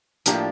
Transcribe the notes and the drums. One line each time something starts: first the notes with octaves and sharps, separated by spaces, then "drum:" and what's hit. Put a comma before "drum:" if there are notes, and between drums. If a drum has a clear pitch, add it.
A2 F3 A#3 D4 G4, drum: hi-hat